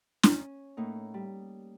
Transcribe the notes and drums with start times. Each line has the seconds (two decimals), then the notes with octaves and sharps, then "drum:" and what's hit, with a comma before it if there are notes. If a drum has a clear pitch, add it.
0.23 C#4, drum: snare
0.77 A2 A#3 D#4
1.14 G3